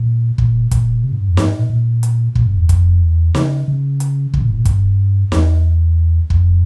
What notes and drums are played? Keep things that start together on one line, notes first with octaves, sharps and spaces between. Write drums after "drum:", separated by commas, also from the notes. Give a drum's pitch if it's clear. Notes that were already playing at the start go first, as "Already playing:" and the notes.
Already playing: A#2
A#2, drum: kick
A#2, drum: kick, hi-hat
C3
G#2
G2
F2
G2, drum: snare
G#2
A#2
A#2
drum: hi-hat
A#2, drum: kick
G2
E2
F2, drum: kick, hi-hat
E2
C#3, drum: snare
C#3
drum: hi-hat
C#3, drum: kick
A#2
G#2
A#2
G2, drum: kick, hi-hat
E2, drum: snare
F2, drum: kick